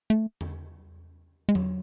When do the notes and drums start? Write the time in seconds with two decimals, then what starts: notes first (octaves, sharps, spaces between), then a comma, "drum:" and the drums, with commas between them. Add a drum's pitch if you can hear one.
0.10 A3
0.41 drum: tom E2
1.49 G#3
1.55 F#3, drum: tom E2